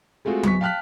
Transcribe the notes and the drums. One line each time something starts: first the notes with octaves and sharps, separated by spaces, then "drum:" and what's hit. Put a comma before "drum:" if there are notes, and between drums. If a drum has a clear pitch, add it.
G#3 A3 C4 F4 F#4 G#4
D1 B3 G#5 C#6 B6, drum: tom F#3
F5 G5 A5 F6 F#6 B6